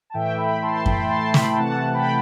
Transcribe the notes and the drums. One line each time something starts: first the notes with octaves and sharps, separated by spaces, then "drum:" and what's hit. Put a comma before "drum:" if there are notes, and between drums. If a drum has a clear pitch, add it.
A5
A2 E3 A3 E5 G5
G5 B5
A5 C6
G5 B5, drum: kick F#2
A5 C6
G5 B5, drum: snare
C3 E3 A3 F#5 A5
G5 B5